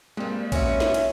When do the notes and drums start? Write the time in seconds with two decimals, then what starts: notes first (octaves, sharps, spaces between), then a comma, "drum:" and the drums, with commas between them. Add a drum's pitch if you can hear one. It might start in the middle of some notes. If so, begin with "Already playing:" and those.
0.17 G2 G3 G#3 A#3 C4
0.52 B3 C#4 F#4 E5, drum: kick A#1, cymbal
0.80 drum: snare
0.94 drum: cymbal